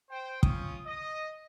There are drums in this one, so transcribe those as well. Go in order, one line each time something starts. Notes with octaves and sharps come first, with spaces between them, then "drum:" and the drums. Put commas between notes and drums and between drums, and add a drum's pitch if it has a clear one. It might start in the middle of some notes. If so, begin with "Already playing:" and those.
C5 G5
C#4 F4 D#6, drum: kick
D#5 D#6